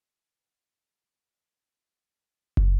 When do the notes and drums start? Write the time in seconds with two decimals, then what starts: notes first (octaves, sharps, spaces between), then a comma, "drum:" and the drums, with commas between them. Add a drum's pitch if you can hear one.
0.43 G#4 B4 F#5
2.57 drum: kick